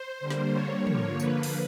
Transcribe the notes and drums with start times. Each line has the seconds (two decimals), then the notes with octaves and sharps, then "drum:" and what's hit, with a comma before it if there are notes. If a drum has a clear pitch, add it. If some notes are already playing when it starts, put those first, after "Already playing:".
Already playing: C5
0.20 D3 G3 A#3
0.31 drum: snare
0.53 C#5
0.87 D3 F3 A#3, drum: tom
1.20 B4, drum: tambourine
1.43 drum: open hi-hat